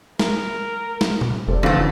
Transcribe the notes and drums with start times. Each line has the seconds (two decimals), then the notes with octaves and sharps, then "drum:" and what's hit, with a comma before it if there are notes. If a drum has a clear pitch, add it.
0.19 A#4, drum: snare
1.01 drum: snare
1.21 drum: tom A#2
1.48 F1 C3 A4 C5 D5
1.63 F2 D3 E3 F#3 A3